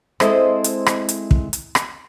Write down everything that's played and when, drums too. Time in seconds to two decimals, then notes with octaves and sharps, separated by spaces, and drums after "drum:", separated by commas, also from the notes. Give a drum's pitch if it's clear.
0.20 G#3 C4 E4 A4 C5 D#5, drum: rim click
0.64 drum: hi-hat
0.86 drum: rim click
1.09 drum: hi-hat
1.31 drum: kick
1.53 drum: hi-hat
1.75 drum: rim click